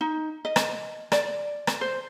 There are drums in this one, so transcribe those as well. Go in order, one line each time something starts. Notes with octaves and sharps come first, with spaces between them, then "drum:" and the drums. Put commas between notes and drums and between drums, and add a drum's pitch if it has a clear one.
D#4
D#5
drum: rim click
D5, drum: rim click
drum: rim click
C5